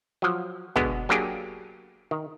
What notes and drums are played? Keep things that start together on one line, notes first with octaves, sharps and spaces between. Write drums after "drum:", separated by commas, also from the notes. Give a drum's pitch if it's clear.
F3 F#3
B2 D3 G#3 B3, drum: kick
F#3 A#3 D4 G4 G#4
D#3